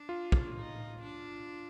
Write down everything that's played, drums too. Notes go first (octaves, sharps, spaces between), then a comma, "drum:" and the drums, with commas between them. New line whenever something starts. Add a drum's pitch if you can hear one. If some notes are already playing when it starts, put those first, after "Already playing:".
Already playing: D4
F4
drum: kick
D#4
D4